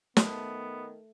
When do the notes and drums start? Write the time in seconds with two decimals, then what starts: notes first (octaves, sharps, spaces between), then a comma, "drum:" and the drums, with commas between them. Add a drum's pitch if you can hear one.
0.17 D#3 A3 B3, drum: snare